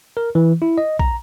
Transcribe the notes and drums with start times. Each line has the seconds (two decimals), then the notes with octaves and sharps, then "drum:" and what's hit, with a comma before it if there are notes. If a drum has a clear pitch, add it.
0.17 A#4
0.35 E3
0.62 E4
0.78 D#5
0.99 A#5, drum: kick